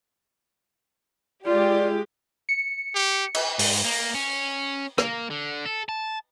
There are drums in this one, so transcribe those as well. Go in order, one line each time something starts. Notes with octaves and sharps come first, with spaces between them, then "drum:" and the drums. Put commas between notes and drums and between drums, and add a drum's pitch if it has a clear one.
G#3 F4 G4 D5
C#7
G4
drum: cymbal
G#2, drum: open hi-hat
A#3
C#4
A#3, drum: rim click
D3
A4
A5